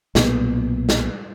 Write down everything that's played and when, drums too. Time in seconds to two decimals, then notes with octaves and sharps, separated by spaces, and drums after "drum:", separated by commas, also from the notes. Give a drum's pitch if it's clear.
0.15 B1 A#2 F3 B3, drum: snare
0.89 drum: snare